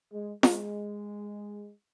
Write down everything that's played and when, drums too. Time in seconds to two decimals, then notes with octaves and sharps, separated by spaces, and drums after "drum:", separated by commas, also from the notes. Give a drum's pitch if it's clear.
0.13 G#3
0.43 G#3, drum: snare